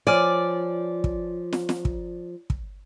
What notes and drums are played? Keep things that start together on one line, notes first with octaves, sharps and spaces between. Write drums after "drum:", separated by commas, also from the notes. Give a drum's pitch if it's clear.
F3 C#5 D5 G#5 F6
drum: kick
drum: snare
drum: snare
drum: kick
drum: kick